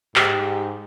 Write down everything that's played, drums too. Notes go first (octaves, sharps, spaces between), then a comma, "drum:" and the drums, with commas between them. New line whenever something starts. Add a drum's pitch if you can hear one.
G#2 G4, drum: clap